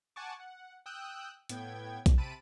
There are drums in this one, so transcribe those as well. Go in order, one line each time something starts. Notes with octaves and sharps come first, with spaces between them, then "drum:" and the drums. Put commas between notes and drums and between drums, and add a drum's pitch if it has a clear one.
F#5 G#5 A5 C#6 D6
F#5
G5 D#6 E6 F#6 G6
A2 B3 G5 G#6, drum: hi-hat
drum: kick B1, hi-hat
C3 A5 B5 D7 D#7